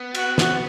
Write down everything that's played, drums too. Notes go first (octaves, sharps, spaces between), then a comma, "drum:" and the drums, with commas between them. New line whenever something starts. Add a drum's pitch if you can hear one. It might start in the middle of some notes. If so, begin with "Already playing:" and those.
Already playing: B3
F#4, drum: cymbal
F#4, drum: snare